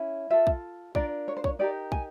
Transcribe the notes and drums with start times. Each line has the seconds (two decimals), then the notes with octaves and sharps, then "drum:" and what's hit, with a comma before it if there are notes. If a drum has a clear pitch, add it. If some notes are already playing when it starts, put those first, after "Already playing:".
Already playing: C#4 E4
0.30 F4 A4 E5
0.47 drum: kick
0.95 D4 F4 A#4 D5, drum: kick
1.28 C#5
1.37 C5
1.44 C#5, drum: kick
1.59 D#4 G4 A#4 D5
1.92 G#5, drum: kick